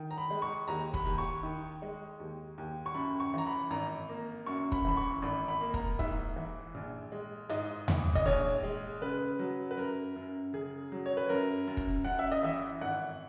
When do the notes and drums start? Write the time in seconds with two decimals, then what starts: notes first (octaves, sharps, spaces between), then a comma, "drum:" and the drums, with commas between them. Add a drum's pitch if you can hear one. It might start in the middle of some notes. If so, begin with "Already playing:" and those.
Already playing: D#3
0.11 A#5
0.18 B5
0.30 G#3
0.42 C#6
0.68 D#2 A#5
0.94 B5, drum: kick
1.05 D#2
1.18 C#6
1.43 D#3
1.82 G#3
2.20 D#2
2.58 D#2
2.86 C#6
2.95 F#2 B5
3.20 C#6
3.34 E3 A#5
3.46 B5
3.70 G#1 A#5
4.09 A#3
4.46 F#2 C#6
4.72 B5, drum: kick
4.85 E3 B5
4.97 C#6
5.22 G#1 B5
5.48 B5
5.61 A#3
5.74 A#5, drum: kick
5.99 G#2 E5, drum: kick
6.36 E3
6.75 A#1
7.12 G#3
7.50 G#2 D#5, drum: hi-hat
7.88 E3, drum: tom E2
8.15 D#5, drum: kick
8.26 A#1 C#5
8.63 G#3
9.01 C#3 B4
9.39 F#3
9.71 B4
9.77 F#2 A#4
10.16 F#2
10.53 C#3 G#4
10.92 F#3
11.06 C#5
11.17 B4
11.29 F#2 A#4
11.67 F#2
11.77 drum: kick
12.04 F#2 F#5
12.19 E5
12.32 D#5
12.43 E3 E5
12.81 G#1 F#5